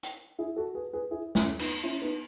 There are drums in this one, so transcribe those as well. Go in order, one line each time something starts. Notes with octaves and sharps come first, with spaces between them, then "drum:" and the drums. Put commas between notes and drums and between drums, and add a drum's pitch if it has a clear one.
drum: hi-hat
E4 G#4
F#4 A4
G#4 B4
G#4 B4
E4 G#4
C#4 E4, drum: snare
B3 D#4, drum: cymbal
C#4 E4
B3 D#4